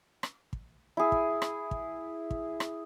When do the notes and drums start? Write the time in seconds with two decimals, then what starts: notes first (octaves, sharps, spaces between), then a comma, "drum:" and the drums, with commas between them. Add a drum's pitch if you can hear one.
0.23 drum: rim click
0.53 drum: kick
0.97 E4 G#4
1.12 drum: kick
1.42 drum: rim click
1.71 drum: kick
2.31 drum: kick
2.60 drum: rim click